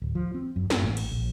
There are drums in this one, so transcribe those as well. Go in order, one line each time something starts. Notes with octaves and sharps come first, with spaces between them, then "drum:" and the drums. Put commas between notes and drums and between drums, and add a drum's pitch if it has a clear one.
D1
F3
C4
F#2
G2, drum: snare
A1
drum: cymbal
A#1